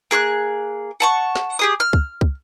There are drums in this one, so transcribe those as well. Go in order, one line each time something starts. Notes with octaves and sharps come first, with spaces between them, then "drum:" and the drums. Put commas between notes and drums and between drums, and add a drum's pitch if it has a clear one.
A#3 G#4 C#6 F#6
F#5 A5 C#6
drum: snare
G4 G#4 D#6
F6
drum: kick
drum: kick